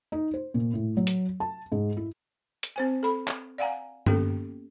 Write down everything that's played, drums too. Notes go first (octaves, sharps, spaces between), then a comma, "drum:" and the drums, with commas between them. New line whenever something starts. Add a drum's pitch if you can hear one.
D#4
C5
A#2
A2
F#3
drum: hi-hat
A5
G#2
E4
drum: hi-hat
C4 C5 G#5
A4 B5
drum: clap
D5 F5 F#5 G#5 A#5
A#3 B3 C#4 G4 A4, drum: tom G2